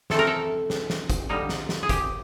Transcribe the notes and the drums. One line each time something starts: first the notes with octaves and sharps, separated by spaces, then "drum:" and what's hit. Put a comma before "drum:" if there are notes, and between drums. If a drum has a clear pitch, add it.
C3 E3 A3 C4 A4, drum: snare
A#4
A4
drum: snare
drum: snare
drum: kick, hi-hat
D3 G3 A#3 D#4
drum: snare
drum: snare
G#4
G4, drum: kick, hi-hat